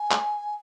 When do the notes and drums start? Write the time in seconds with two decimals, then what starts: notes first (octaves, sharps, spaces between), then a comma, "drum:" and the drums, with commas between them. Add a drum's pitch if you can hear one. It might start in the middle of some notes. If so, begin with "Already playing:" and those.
Already playing: G#5
0.11 drum: clap